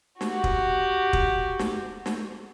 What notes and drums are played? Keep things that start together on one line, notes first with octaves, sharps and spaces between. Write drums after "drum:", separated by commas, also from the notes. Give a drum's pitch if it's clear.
F#4 G4, drum: snare
drum: kick
drum: kick
drum: snare
drum: snare